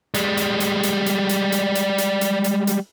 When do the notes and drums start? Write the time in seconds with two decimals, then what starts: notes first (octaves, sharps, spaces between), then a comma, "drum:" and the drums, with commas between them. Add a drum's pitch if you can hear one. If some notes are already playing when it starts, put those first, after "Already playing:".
0.14 G3 G#3, drum: hi-hat
0.37 drum: hi-hat
0.60 drum: hi-hat
0.83 drum: hi-hat
1.06 drum: hi-hat
1.29 drum: hi-hat
1.52 drum: hi-hat
1.75 drum: hi-hat
1.98 drum: hi-hat
2.21 drum: hi-hat
2.44 drum: hi-hat
2.67 drum: hi-hat